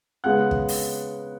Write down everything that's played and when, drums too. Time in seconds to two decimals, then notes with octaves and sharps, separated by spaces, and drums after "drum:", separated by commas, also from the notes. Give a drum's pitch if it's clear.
0.24 C#3 G#3 B3 F#5 F#6
0.51 drum: kick
0.68 drum: open hi-hat